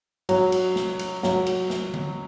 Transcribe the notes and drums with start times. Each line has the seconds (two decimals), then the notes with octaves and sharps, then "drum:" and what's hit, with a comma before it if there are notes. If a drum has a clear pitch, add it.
0.29 F#3, drum: cymbal
0.52 drum: cymbal
0.76 drum: snare
0.99 drum: cymbal
1.23 F#3, drum: snare
1.46 drum: cymbal
1.70 drum: snare
1.94 drum: tom D3